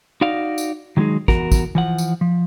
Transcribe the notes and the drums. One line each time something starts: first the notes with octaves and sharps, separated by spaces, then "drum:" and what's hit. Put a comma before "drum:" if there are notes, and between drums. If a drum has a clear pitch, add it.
D#4 F#4 D5 F5
drum: tambourine
D#3 F#3 G#3 D#4 G#4
E2 F#4 A#4, drum: kick
drum: kick, tambourine
E3 F3 F#5
drum: tambourine
F3